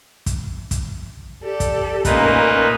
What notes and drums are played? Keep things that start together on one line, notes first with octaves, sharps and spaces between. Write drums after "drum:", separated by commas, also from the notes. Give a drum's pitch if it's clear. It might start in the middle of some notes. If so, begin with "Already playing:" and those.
drum: kick, hi-hat
drum: kick, hi-hat
G4 A4 D5
drum: kick, hi-hat
A#2 A3 A#3 C#4 D#4 B4, drum: kick, hi-hat